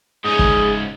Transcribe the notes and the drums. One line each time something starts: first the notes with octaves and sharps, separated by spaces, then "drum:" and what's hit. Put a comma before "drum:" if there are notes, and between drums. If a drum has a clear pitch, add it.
G#2 C#4 G#4 D#6
drum: kick